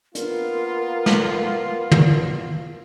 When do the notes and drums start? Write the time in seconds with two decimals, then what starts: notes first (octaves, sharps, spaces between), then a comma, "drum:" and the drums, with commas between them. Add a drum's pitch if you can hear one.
0.15 A#3 B3 F4 A#4, drum: hi-hat
1.06 drum: snare
1.91 drum: tom